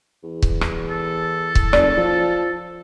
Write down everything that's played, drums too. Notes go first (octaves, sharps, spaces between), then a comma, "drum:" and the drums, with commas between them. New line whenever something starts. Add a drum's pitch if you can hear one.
E2
drum: kick C#1
drum: rim click
A4
drum: kick C#1
F#1 D5, drum: rim click
F3